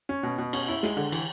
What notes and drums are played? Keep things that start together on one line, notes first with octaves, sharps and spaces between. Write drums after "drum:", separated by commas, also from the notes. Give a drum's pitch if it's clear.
C#4
B2
B2
C#4, drum: cymbal
E4
G#3, drum: snare
D3
E3, drum: cymbal